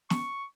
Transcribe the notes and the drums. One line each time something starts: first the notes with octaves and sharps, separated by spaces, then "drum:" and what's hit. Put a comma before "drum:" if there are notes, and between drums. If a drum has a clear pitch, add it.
C#6, drum: snare